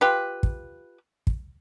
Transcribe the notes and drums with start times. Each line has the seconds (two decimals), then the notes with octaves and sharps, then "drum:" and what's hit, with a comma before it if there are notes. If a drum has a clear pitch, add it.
0.01 F4 G4 B4
0.43 drum: kick
1.27 drum: kick